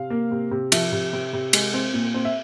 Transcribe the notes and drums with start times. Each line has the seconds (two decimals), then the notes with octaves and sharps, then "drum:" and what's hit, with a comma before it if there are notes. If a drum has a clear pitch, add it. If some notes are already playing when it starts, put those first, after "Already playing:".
Already playing: C3 F5
0.10 A#3
0.31 C3
0.51 C3
0.72 F3 E5, drum: cymbal
0.92 C3
1.13 C3
1.33 C3
1.53 G#3, drum: cymbal
1.74 C4
1.94 A#2
2.14 C4
2.25 E5